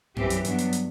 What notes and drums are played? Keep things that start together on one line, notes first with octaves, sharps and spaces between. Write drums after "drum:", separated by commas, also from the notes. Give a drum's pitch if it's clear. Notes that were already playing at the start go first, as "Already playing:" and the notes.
F#2 E3 G3 C4 G4, drum: tom F#2
drum: hi-hat
G2 F#3 B3 D4, drum: hi-hat
drum: hi-hat
drum: hi-hat